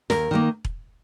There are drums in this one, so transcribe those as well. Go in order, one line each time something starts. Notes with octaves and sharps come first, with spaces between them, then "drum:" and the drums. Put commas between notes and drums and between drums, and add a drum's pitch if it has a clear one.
D#2 A#4, drum: snare
D#3 G3 A#3
drum: kick E1